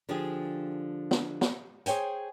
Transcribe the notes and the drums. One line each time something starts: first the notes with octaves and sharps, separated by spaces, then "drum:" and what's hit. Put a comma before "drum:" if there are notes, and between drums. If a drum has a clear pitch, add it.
D3 F3 D4 G4 G#4
drum: snare
drum: snare
G#4 C5 C#5 G5 G#5, drum: hi-hat